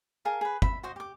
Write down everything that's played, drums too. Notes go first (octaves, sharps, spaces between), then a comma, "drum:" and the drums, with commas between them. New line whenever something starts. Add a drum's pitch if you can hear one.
G#4 A#4 F5 A5
G#4 B4
E5 B5, drum: kick
F#4 C5 D#5
G4 D6